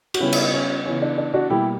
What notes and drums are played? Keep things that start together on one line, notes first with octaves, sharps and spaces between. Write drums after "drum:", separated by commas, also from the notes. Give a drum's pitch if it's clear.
F#4, drum: cymbal
C#3 G3 B3 C#4 E4
drum: cymbal
C#4
C#3 E3 B3 C#4
D4
D4
D4 F#4
B2 G3 A#3 E4 G4